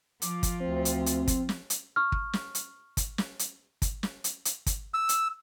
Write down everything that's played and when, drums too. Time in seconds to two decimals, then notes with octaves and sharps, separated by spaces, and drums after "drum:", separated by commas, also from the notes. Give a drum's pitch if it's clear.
0.22 F3 F4 D6, drum: hi-hat
0.43 drum: kick, hi-hat
0.60 D2 C4
0.85 drum: hi-hat
1.06 drum: hi-hat
1.28 drum: kick, hi-hat
1.49 drum: snare
1.70 drum: hi-hat
1.96 C#6 F6
2.12 drum: kick
2.33 drum: snare
2.55 drum: hi-hat
2.97 drum: kick, hi-hat
3.18 drum: snare
3.39 drum: hi-hat
3.82 drum: kick, hi-hat
4.03 drum: snare
4.24 drum: hi-hat
4.45 drum: hi-hat
4.66 drum: kick, hi-hat
4.94 E6
5.09 drum: hi-hat